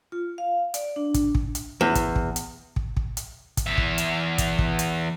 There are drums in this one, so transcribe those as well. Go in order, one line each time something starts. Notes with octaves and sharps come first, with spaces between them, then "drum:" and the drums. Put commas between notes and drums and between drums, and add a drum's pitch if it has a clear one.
F4
F5
D5, drum: hi-hat
D4
drum: kick, hi-hat
drum: kick
drum: hi-hat
E2
drum: kick, hi-hat
drum: kick
drum: hi-hat
drum: kick
drum: kick
drum: hi-hat
drum: kick, hi-hat
E2 E5
drum: kick
drum: hi-hat
drum: kick, hi-hat
drum: kick
drum: hi-hat